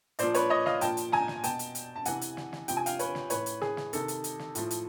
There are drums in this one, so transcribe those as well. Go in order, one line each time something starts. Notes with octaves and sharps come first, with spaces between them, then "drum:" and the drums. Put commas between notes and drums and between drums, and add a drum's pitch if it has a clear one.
A#2 F3 C5 D5, drum: hi-hat
B4 C#5, drum: hi-hat
C#5 D#5
D#5 F5, drum: snare
A#2 F3 G5 A5, drum: hi-hat
drum: hi-hat
G#5 A#5, drum: snare
drum: snare
B2 G5 A5, drum: hi-hat
drum: hi-hat
drum: hi-hat
A5
C3 E3 F#5 G#5, drum: hi-hat
drum: hi-hat
drum: snare
drum: snare
C3 F3 G5, drum: hi-hat
G#5
F5 G5, drum: hi-hat
B4 C#5, drum: hi-hat
drum: snare
A2 E3 B4 C#5, drum: hi-hat
drum: hi-hat
G#4, drum: snare
drum: snare
C3 D#3 A4, drum: hi-hat
drum: hi-hat
drum: hi-hat
drum: snare
A2 F3, drum: hi-hat
drum: hi-hat